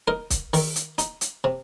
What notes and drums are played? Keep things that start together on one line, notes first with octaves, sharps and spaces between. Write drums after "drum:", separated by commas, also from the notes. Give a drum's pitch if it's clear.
D#4 A#4
drum: kick, hi-hat
D#3, drum: open hi-hat
drum: hi-hat
D#4, drum: hi-hat
drum: hi-hat
C3